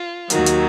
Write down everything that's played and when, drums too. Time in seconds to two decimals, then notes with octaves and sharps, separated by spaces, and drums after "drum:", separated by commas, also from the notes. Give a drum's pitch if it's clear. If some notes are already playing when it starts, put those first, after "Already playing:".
Already playing: F4
0.30 D#2 D#3 F#3 F#4, drum: hi-hat
0.46 drum: hi-hat